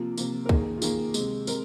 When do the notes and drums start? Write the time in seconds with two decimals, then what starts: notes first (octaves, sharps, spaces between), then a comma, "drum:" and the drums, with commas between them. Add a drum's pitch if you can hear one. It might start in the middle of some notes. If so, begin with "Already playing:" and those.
Already playing: C3 F3 A#3 F4
0.17 C3 F3 A#3, drum: tambourine
0.46 A#4
0.49 D#3 A#3 G#4, drum: kick
0.77 F4
0.82 D#3 A#3 G#4, drum: tambourine
1.14 C3 G#3, drum: tambourine
1.47 C3 G#3 A#4, drum: tambourine